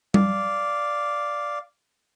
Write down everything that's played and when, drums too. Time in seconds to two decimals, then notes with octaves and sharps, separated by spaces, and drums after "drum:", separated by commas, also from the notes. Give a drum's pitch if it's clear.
0.14 D5 F5, drum: tom G3